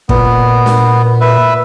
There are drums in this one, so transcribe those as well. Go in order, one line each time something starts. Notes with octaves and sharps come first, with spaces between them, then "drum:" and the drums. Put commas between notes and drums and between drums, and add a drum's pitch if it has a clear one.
A#2 B3, drum: kick
drum: snare
B4 E5